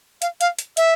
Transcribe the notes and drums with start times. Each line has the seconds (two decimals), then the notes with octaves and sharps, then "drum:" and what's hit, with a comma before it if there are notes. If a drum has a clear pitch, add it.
0.22 F5, drum: hi-hat
0.41 F5, drum: hi-hat
0.59 drum: hi-hat
0.77 E5, drum: hi-hat